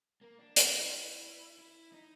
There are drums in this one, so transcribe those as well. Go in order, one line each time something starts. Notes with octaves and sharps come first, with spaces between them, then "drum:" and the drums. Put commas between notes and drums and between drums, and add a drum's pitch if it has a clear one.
A#3
D4
D#4, drum: hi-hat
E4
E4
E4
D#4